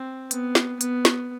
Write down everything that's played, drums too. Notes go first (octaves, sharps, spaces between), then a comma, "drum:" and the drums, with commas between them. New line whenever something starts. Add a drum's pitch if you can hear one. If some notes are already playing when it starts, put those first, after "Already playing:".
Already playing: C4
B3, drum: hi-hat
drum: snare
B3, drum: hi-hat
drum: snare